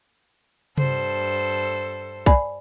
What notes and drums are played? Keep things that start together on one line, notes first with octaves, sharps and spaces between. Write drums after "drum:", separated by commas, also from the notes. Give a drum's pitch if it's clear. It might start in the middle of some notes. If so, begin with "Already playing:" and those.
G2 A4 C5, drum: tom C3
D5 G#5 B5, drum: kick B1